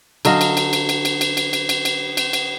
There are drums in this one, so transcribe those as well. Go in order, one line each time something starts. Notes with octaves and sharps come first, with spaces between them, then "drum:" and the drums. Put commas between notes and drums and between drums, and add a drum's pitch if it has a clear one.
D3 F#3 D#5 F5, drum: cymbal
drum: cymbal
drum: cymbal
drum: cymbal
drum: cymbal
drum: cymbal
drum: cymbal
drum: cymbal
drum: cymbal
drum: cymbal
drum: cymbal
drum: cymbal
drum: cymbal